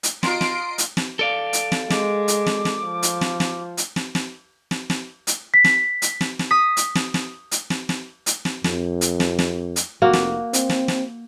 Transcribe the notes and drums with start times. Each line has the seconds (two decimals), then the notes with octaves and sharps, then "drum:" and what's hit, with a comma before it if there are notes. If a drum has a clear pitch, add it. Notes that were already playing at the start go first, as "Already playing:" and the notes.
0.03 drum: hi-hat
0.23 F4 D#5 A#5 C6 C7 D7, drum: snare
0.41 drum: snare
0.78 drum: hi-hat
0.97 drum: snare
1.19 A4 D5 F5
1.53 drum: hi-hat
1.72 drum: snare
1.90 G#3 D6, drum: snare
2.28 drum: hi-hat
2.46 drum: snare
2.65 drum: snare
2.85 F3
3.03 drum: hi-hat
3.21 drum: snare
3.40 drum: snare
3.77 drum: hi-hat
3.96 drum: snare
4.15 drum: snare
4.71 drum: snare
4.90 drum: snare
5.27 drum: hi-hat
5.54 B6
5.64 drum: snare
6.02 drum: hi-hat
6.21 drum: snare
6.39 drum: snare
6.51 D#6 B6
6.77 drum: hi-hat
6.95 drum: snare
7.14 drum: snare
7.52 drum: hi-hat
7.70 drum: snare
7.89 drum: snare
8.26 drum: hi-hat
8.45 drum: snare
8.64 F2, drum: snare
9.01 drum: hi-hat
9.20 drum: snare
9.39 drum: snare
9.76 drum: hi-hat
10.02 F1 A#3 F#4
10.13 drum: snare
10.53 C4, drum: hi-hat
10.70 drum: snare
10.88 drum: snare